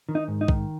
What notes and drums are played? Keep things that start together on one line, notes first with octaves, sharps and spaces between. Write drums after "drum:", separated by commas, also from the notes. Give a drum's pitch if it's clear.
D#3
D#4
G#2
D#4
D#3, drum: kick